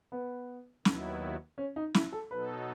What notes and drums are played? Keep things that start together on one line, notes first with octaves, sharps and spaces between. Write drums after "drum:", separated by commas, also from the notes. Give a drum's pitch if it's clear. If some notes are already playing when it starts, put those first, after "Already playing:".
B3
D#2 D#3 F#3 B3 E4, drum: snare
C#4
D#4
E4, drum: snare
A4
B2 F#3 B3 D#4 A4 B4